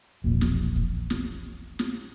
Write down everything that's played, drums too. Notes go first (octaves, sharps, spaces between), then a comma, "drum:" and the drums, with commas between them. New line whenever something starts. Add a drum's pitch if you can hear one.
E1 A#1 A#2
drum: snare
drum: kick
drum: snare
drum: snare